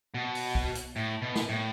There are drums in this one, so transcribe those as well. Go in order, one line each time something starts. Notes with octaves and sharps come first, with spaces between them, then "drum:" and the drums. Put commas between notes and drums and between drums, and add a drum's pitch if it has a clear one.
B2
drum: open hi-hat
drum: kick
drum: hi-hat
A2
B2
drum: snare
A2